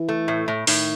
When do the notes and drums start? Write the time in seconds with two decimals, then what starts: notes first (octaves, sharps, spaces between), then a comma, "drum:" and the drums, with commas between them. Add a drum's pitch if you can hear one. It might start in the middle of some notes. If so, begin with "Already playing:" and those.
Already playing: E3
0.09 A3
0.28 A2
0.48 A2
0.67 A2 D#3, drum: open hi-hat